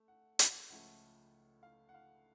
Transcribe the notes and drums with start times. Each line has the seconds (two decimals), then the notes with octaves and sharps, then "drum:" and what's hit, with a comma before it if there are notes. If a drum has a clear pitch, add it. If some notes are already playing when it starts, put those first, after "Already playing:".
Already playing: A3
0.08 F#5
0.39 F5, drum: hi-hat
0.70 C#2 C#3 F3 A3 F#5
1.63 F5
1.89 F#5
1.94 F5